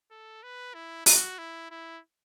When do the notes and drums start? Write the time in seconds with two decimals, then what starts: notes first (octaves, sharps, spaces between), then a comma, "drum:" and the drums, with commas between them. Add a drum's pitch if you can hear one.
0.11 A4
0.43 B4
0.74 E4
1.06 F#4, drum: open hi-hat
1.38 E4
1.71 E4